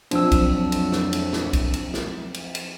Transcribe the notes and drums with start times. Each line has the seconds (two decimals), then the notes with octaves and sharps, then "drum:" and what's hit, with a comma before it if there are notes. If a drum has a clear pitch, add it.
0.11 F2 F3 F#3 C4 D4 E6, drum: cymbal
0.32 drum: kick, cymbal
0.72 drum: cymbal
0.92 drum: snare
1.13 drum: cymbal
1.33 drum: snare
1.53 drum: kick, cymbal
1.74 drum: cymbal
1.94 drum: snare
2.34 drum: cymbal
2.55 drum: cymbal